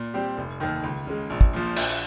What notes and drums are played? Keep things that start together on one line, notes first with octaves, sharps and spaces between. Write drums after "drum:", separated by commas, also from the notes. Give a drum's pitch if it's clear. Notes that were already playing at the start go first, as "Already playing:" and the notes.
Already playing: A#2
G3 C4 G4
F1
D#2 D#3
C#2
C#3 G#3
A#1
drum: kick
A#2 F3
A#1, drum: cymbal